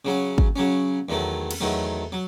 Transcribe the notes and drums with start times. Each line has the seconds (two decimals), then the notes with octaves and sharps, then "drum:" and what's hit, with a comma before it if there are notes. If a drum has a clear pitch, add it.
0.05 C#3 F#3 C#4
0.38 drum: kick
0.56 C#3 F#3 C#4
1.09 E2 D#3 F#3 A3
1.51 drum: cymbal
1.61 E2 D#3 F#3 A3
2.12 F#3